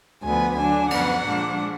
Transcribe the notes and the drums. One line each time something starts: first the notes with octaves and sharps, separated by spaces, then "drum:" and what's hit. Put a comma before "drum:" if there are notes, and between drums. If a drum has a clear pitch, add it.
D2 D3 F3 B3 G#5
D3 F#3 D4 G#5
F#2 F3 B3 F#5, drum: cymbal
A#2 F3 G#3 D4